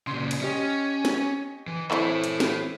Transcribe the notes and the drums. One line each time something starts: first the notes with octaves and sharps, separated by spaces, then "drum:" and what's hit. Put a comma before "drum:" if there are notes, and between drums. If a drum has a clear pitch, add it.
A#2 C#3 C6
drum: cymbal
C#4 G4 D#5
drum: snare
E3
E3 C4 E4 A4 C#5, drum: clap
drum: hi-hat
drum: snare